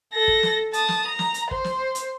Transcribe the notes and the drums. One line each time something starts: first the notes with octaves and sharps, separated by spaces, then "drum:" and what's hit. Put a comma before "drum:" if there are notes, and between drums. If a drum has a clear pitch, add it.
A4 A#6
drum: kick
drum: snare
A5 D#6, drum: hi-hat
drum: snare
A#5
drum: snare
drum: hi-hat
C5, drum: kick
drum: snare
drum: hi-hat